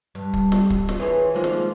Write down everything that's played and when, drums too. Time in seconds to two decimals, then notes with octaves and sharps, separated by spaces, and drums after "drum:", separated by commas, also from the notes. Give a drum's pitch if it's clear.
0.15 G2
0.33 drum: kick
0.52 drum: snare
0.70 drum: kick
0.89 drum: snare
1.00 E3 G#4 C5 C#5
1.34 D#3 F3 G#3 A#3
1.44 drum: snare